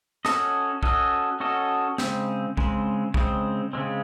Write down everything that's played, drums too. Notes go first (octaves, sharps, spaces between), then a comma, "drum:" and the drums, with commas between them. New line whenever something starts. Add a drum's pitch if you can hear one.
C#4 F#4 A4 D#5, drum: snare
C#4 F#4 A4 D#5, drum: kick
C#4 F#4 A4 D#5
C#3 G#3 C4, drum: snare
C#3 G#3 C4, drum: kick
C#3 G#3 C4, drum: kick
C#3 G#3 C4